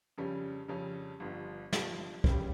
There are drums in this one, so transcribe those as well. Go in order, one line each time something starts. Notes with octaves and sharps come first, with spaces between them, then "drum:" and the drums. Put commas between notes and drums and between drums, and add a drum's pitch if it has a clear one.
F2 C#3 G3 C#4
F2 C#3 G3 C#4
G1 G2 F3
G1 G2 F3, drum: snare
C#2 C#3 G3 C#4 G4, drum: kick